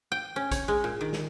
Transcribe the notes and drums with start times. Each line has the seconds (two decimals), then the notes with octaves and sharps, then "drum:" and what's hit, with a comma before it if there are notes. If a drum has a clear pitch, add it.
0.12 G5
0.36 C#4
0.51 C#5, drum: kick A#1, hi-hat
0.68 G#3
0.84 A#2
1.01 D#3
1.13 drum: snare